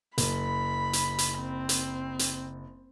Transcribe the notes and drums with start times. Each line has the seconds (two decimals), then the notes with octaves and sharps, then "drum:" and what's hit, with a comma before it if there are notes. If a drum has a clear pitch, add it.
0.18 F#1 B5, drum: hi-hat
0.93 drum: hi-hat
1.19 drum: hi-hat
1.39 C4
1.69 drum: hi-hat
2.19 drum: hi-hat